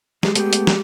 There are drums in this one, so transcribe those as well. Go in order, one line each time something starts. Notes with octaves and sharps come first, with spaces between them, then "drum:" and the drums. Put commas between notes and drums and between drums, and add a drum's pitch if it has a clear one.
G#3 G4, drum: snare
A3 B3 G4 G5, drum: hi-hat
drum: hi-hat
drum: snare